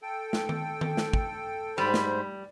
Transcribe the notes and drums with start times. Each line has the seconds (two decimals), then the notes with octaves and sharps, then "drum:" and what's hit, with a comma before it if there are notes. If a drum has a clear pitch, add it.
0.02 A4 G5
0.33 drum: snare
0.49 drum: tom D#3
0.81 drum: tom D#3
0.97 drum: snare
1.13 drum: kick
1.78 G#2 G3 C5 B5
1.94 drum: snare